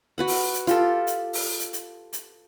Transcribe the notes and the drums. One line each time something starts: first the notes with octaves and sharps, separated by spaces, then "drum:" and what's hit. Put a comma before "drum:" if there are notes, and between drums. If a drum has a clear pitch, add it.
F#4 B4 F#5
drum: open hi-hat
drum: hi-hat
F4 G4 A4, drum: hi-hat
drum: hi-hat
drum: open hi-hat
drum: hi-hat
drum: hi-hat
drum: hi-hat